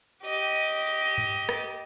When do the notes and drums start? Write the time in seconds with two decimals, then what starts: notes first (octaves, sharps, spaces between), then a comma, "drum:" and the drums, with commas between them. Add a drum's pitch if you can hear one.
0.25 G4 D#5, drum: hi-hat
0.56 drum: hi-hat
0.87 drum: hi-hat
1.18 drum: tom G2
1.49 drum: rim click